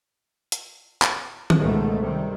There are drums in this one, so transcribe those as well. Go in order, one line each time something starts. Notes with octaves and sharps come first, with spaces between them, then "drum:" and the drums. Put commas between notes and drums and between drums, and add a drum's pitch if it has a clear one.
drum: hi-hat
drum: clap
drum: tom D#3
C#2 G#2 B2 D#3 G#3 A3
C3 D#3 G3